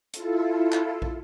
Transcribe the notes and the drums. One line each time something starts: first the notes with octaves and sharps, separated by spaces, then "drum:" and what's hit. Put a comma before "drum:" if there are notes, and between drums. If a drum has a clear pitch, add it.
E4 F4 A4, drum: hi-hat
drum: clap
drum: kick